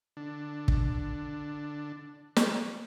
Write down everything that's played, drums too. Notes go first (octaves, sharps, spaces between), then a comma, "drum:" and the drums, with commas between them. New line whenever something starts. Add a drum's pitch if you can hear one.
D3 D4
drum: kick
drum: snare